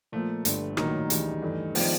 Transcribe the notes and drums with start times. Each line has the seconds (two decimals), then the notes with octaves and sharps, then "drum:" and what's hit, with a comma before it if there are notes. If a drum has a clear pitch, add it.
0.12 A#2 F3 A3 A#3
0.45 G1 G2 D3, drum: hi-hat
0.77 A#1 A2 D#3 F#3 A#3, drum: rim click
1.10 D2 C#3 E3 G3, drum: hi-hat
1.42 G2 E3 A3
1.75 D#3 F3 G#3 B3 D4, drum: open hi-hat